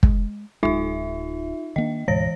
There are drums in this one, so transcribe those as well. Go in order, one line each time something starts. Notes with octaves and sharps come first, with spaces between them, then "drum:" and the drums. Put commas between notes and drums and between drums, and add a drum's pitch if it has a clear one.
G#3, drum: kick
D1 B1 G#3 D#4 F4 E5
D#3 A#3 D4 D#5
D2 G#2 B2 E3 C#5 A#6